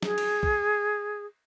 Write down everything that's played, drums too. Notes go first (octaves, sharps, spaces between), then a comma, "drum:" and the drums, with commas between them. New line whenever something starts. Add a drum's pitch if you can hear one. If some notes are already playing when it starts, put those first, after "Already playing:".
G#4, drum: snare
drum: cymbal
drum: kick B1